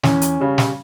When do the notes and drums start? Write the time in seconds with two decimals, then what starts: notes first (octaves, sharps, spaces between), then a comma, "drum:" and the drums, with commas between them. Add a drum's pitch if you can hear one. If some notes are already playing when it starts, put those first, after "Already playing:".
0.03 E2 C#4, drum: snare
0.22 drum: hi-hat
0.40 C#3 G3
0.58 drum: snare